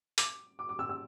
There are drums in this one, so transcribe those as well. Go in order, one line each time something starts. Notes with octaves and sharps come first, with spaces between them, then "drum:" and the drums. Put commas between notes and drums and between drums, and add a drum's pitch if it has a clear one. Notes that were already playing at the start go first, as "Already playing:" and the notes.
D6, drum: hi-hat
D6
D6
E6
E6